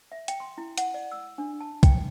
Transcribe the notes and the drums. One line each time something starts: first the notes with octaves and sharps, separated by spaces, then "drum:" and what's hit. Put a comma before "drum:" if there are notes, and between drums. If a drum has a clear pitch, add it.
E5
G5, drum: hi-hat
C6
E4
F#5, drum: hi-hat
D5
E6
D4
A5
G5, drum: kick, hi-hat